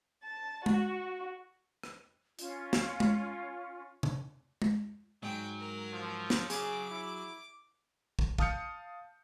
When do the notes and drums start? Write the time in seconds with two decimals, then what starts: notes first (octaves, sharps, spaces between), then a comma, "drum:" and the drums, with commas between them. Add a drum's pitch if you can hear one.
0.24 A5
0.66 F#4, drum: tom G#3
1.83 drum: rim click
2.39 C#4 F4, drum: hi-hat
2.73 drum: snare
3.00 drum: tom G#3
4.03 drum: tom C3
4.62 drum: tom G#3
5.23 G#2 F#3 G5
5.59 A#4
5.93 F3
6.30 drum: snare
6.50 C#3 G#4 D6, drum: hi-hat
6.91 E4
8.19 drum: kick
8.38 F5 A5 D#6 F6 G6 C#7, drum: kick